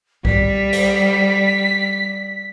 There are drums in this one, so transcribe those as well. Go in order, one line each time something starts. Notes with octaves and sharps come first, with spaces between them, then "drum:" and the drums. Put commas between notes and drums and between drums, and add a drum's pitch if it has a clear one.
G3 B6, drum: kick B1
drum: cymbal